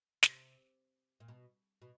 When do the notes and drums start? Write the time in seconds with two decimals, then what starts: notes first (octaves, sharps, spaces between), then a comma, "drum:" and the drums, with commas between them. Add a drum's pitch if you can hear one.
0.23 C3, drum: snare
1.20 A#2
1.28 B2
1.82 B2